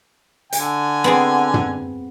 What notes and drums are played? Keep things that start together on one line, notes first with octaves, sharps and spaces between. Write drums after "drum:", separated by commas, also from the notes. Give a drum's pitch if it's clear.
D3 G#5, drum: hi-hat
B3 C4 G#4
drum: tom